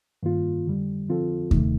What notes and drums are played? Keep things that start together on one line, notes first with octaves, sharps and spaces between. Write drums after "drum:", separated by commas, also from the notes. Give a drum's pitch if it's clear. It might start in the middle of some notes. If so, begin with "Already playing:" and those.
G2 D#3 A#3 F4
F2 D3 G3
D3 F3 C4 F4 A4
C3 D#3 A3 D#4, drum: kick D#2